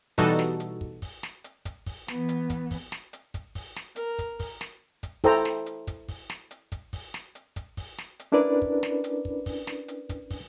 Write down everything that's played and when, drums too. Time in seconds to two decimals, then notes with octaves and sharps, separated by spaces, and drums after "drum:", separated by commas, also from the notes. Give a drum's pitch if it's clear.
0.18 B2 E3 G3 D#4 F#4 A4, drum: kick, open hi-hat
0.39 drum: snare
0.60 drum: hi-hat
0.81 drum: kick
1.02 drum: kick, open hi-hat
1.23 drum: snare
1.44 drum: hi-hat
1.65 drum: kick, hi-hat
1.86 drum: kick, open hi-hat
2.08 E3 B3, drum: snare
2.29 drum: hi-hat
2.50 drum: kick, hi-hat
2.71 drum: kick, open hi-hat
2.92 drum: snare
3.13 drum: hi-hat
3.34 drum: kick, hi-hat
3.55 drum: kick, open hi-hat
3.76 drum: snare
3.96 A#4, drum: hi-hat
4.19 drum: kick, hi-hat
4.40 drum: kick, open hi-hat
4.61 drum: snare
5.03 drum: kick, hi-hat
5.24 E4 A4 C5 G5 A#5, drum: kick, open hi-hat
5.45 drum: snare
5.66 drum: hi-hat
5.87 drum: kick, hi-hat
6.08 drum: kick, open hi-hat
6.30 drum: snare
6.51 drum: hi-hat
6.72 drum: kick, hi-hat
6.93 drum: kick, open hi-hat
7.14 drum: snare
7.35 drum: hi-hat
7.56 drum: kick, hi-hat
7.77 drum: kick, open hi-hat
7.98 drum: snare
8.19 drum: hi-hat
8.32 C#4 D4 E4 A#4 B4 D5
8.62 drum: kick
8.83 drum: snare
9.04 drum: hi-hat
9.25 drum: kick
9.46 drum: kick, open hi-hat
9.67 drum: snare
9.88 drum: hi-hat
10.09 drum: kick, hi-hat
10.31 drum: kick, open hi-hat